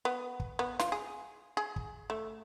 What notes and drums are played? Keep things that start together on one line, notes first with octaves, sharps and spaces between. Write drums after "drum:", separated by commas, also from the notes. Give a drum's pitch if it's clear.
B3
drum: kick
B3
F4, drum: snare
G#4
G#4
drum: kick
A3